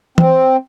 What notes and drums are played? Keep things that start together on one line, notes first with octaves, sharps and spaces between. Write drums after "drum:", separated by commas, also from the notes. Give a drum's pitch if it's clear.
C4, drum: tom E3